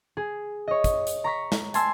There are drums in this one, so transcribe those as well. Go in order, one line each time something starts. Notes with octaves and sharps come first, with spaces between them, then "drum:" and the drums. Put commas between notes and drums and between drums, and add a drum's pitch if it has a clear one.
G#4
C#5 D#5
drum: kick, hi-hat
drum: hi-hat
A#5 C#6 B6
drum: snare
G#5 A5 C6 E6, drum: hi-hat